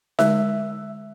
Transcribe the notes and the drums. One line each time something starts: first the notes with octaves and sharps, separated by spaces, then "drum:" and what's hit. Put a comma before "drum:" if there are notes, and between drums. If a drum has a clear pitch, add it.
D3 G#3 E5, drum: snare D#4